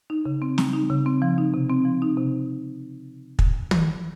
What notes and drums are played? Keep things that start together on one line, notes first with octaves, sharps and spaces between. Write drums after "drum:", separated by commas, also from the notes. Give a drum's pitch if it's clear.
D#4
C#3
C4
G3, drum: snare
D#4
C#3
C4
F3
D#4
C3
C4
F3
D#4
C3
drum: kick
drum: tom